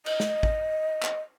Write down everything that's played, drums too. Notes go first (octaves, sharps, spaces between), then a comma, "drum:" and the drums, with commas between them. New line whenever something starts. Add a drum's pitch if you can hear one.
D#5, drum: cymbal
drum: snare
drum: kick
drum: clap